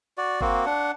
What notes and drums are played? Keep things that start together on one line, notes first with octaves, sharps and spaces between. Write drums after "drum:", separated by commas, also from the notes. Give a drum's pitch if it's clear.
F#4 D5
A#3 C4 F#4, drum: kick G1
D4 F#5